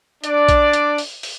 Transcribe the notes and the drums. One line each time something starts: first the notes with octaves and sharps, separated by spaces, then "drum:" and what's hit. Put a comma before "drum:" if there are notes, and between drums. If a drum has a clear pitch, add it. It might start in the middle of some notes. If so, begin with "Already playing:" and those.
D4 D5, drum: hi-hat
drum: kick A#1, hi-hat
drum: hi-hat
drum: open hi-hat
drum: open hi-hat